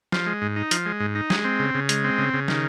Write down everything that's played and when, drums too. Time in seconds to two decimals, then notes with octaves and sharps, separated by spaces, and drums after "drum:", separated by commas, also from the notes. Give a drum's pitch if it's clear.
0.12 F3, drum: snare
0.26 G#3
0.42 G#2
0.56 D#4
0.71 F3, drum: hi-hat
0.85 G#3
1.00 G#2
1.15 D#4
1.30 G#3, drum: snare
1.44 C4
1.59 C#3
1.74 C#3
1.89 G#3, drum: hi-hat
2.04 C4
2.18 C#3
2.34 C#3
2.48 D#3, drum: snare